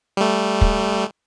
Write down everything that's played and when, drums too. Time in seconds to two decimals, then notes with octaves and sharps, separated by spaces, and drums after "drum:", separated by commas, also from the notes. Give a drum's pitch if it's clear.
0.17 G3 A3
0.61 drum: kick